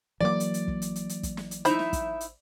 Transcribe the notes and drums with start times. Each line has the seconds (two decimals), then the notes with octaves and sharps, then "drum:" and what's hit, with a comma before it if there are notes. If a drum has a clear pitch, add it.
0.21 E3 F#3 A#3 D5 D6
0.40 drum: hi-hat
0.54 drum: hi-hat
0.68 drum: kick
0.82 drum: hi-hat
0.96 drum: hi-hat
1.09 drum: hi-hat
1.23 drum: kick, hi-hat
1.37 drum: snare
1.51 drum: hi-hat
1.65 D#4 E4 C5 E5 B5, drum: hi-hat
1.79 drum: snare
1.93 drum: kick, hi-hat
2.21 drum: hi-hat